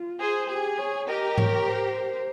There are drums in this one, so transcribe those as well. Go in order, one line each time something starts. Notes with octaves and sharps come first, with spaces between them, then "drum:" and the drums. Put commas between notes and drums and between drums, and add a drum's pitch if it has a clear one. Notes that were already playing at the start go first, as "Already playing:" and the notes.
Already playing: F4
G#4 C5
G4 G#4
C#5
G4 A#4 D#5
C#5, drum: tom G#2
C5